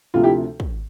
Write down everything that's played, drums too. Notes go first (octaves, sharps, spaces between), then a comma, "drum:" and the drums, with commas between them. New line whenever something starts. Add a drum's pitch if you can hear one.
D2 C3 F3 F4
E4 G4
drum: kick